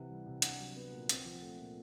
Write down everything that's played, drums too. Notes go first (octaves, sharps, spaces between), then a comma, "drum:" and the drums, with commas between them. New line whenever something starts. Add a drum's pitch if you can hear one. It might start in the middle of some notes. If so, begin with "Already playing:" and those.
Already playing: C3 E3 F#5
G3
C3
D4 F#5, drum: hi-hat
F#3
B3
A#2
C4, drum: hi-hat
F3
A3
A#2